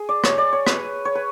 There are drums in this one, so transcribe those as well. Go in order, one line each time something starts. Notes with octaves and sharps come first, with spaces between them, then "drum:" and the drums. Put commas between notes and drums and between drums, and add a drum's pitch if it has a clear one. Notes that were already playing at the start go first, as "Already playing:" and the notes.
Already playing: G#4
D5
C#5, drum: rim click
D5
C#5
B4, drum: rim click
C#5
B4